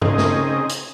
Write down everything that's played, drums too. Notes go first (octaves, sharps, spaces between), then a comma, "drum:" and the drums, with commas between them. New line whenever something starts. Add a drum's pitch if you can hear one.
C#3 C4 D#4 G#4 D#5, drum: tom G2
drum: snare
drum: hi-hat